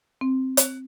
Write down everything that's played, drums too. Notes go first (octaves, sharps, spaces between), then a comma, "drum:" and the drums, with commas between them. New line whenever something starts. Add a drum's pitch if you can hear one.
C4
drum: hi-hat